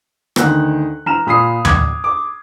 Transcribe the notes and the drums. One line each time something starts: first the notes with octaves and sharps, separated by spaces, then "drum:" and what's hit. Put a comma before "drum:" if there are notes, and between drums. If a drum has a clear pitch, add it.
D2 D#3 F#5 F#6, drum: rim click
E3 A#5 F6 E7
A#2 B5 D#6 C7
D6 G#6, drum: tom D2
D6